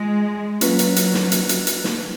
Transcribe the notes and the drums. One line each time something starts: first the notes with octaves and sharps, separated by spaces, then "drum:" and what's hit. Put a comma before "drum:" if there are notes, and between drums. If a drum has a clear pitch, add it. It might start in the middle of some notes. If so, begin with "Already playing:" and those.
Already playing: G#3 F4
F#3 A#3 C#4 F4 B4, drum: hi-hat
drum: hi-hat
drum: hi-hat
drum: snare
drum: hi-hat
drum: hi-hat
drum: hi-hat
drum: snare